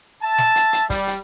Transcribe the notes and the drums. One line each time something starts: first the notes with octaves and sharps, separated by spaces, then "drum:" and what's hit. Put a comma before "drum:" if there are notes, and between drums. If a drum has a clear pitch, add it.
E5 A5
drum: snare
drum: hi-hat
drum: hi-hat
G3, drum: kick, hi-hat
drum: hi-hat